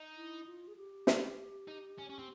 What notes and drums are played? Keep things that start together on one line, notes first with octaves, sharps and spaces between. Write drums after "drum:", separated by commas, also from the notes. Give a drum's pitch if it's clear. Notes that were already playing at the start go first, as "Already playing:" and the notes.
Already playing: D#4
E4
F4
G#4
G4
drum: snare
D#4
C#4
C#4
C4